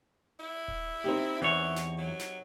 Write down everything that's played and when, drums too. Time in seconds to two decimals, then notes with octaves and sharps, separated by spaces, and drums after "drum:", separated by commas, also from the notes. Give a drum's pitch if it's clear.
0.40 E4
0.68 drum: kick D#1
1.04 C4 D#4 G4
1.42 E2 E3 C#5
1.76 drum: snare
1.98 F#3
2.19 drum: snare